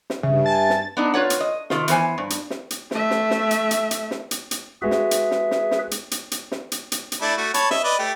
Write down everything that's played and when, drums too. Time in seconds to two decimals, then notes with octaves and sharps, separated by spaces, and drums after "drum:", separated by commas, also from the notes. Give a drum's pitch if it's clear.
0.10 drum: snare
0.23 G2 C#3 E5
0.46 G#5 A5 A6
0.70 drum: snare
0.97 B3 D4 D#4
1.14 F4 B4 C#5 F#5
1.30 drum: hi-hat
1.41 D#5
1.70 C3 D#3 F4, drum: snare
1.88 E3 B3 C5 G#5, drum: hi-hat
2.18 G2
2.30 drum: hi-hat
2.50 drum: snare
2.70 drum: hi-hat
2.91 A3 E5, drum: snare
3.11 drum: snare
3.31 drum: snare
3.51 drum: hi-hat
3.71 drum: hi-hat
3.91 drum: hi-hat
4.11 drum: snare
4.31 drum: hi-hat
4.51 drum: hi-hat
4.82 G#3 F#4 G#4 B4 E5
4.91 drum: snare
5.11 drum: hi-hat
5.31 drum: snare
5.51 drum: snare
5.71 drum: snare
5.91 drum: hi-hat
6.11 drum: hi-hat
6.32 drum: hi-hat
6.52 drum: snare
6.72 drum: hi-hat
6.92 drum: hi-hat
7.12 drum: hi-hat
7.22 A3 D4 E4
7.37 A3 F#4
7.54 C#5 A5 B5, drum: hi-hat
7.71 D#5 E5, drum: snare
7.84 B4 D5 D#5
7.99 A3 G4